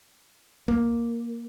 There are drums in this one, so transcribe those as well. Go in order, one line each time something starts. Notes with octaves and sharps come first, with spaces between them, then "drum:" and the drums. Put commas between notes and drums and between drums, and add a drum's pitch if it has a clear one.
A#3, drum: tom D2